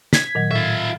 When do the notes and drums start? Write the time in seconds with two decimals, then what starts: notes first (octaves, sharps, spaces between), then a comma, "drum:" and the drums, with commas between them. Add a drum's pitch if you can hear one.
0.13 G#6 B6, drum: snare
0.35 A#2 D#3 F#3
0.51 A2 F4 E5